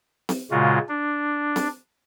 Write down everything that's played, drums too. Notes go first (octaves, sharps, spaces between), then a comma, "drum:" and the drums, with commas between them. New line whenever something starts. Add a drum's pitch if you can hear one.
drum: snare C4
A#2 C#3 G#3 F4 F#4
D4
drum: snare C4